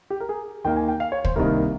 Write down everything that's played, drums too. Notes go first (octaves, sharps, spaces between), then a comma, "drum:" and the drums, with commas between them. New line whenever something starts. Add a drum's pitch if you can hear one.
G4
A#4
G#4
D#2 D#3 A#3 G5
G#5
G5
F5
C#5
C5, drum: kick
C2 C3 D#3 A#3 A#4